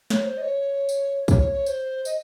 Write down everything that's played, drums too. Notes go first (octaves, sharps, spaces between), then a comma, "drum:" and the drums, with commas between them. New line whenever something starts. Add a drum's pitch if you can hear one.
C#5, drum: snare
C5
D#5
C#5
drum: tambourine
C#5, drum: kick, tambourine
C#5
C#5
C5, drum: tambourine
D#5, drum: tambourine